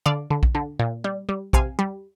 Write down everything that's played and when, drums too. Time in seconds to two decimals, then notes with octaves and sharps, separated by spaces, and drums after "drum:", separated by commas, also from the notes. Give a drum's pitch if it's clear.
0.06 D3 D5 F5
0.30 D3
0.43 drum: kick A#1
0.55 D3
0.79 A#2
1.04 G3
1.29 G3
1.53 C3 F5 G#5, drum: kick A#1
1.79 G3